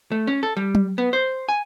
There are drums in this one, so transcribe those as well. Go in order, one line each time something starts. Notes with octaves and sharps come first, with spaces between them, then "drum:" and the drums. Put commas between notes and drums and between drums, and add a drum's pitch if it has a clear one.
A3
C#4
A4
G3
drum: tom F#3
B3
C5
G#5